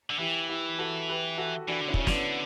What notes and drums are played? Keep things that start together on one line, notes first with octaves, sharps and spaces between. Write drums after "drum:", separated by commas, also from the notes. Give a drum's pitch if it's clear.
D3
E3 E4 G4
E4 G4
F#4 A4
G4 B4
F#4 A4
E3 D4 F#4
D3
C#4 E4
C#3, drum: kick
C#4
D3 B3 D4, drum: snare